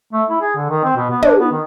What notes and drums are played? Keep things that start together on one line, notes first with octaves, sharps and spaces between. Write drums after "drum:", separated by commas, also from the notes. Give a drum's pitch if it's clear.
A3
E4
G#4
D3
D#3
C4
B2
B3
D4, drum: tom
B3
D#3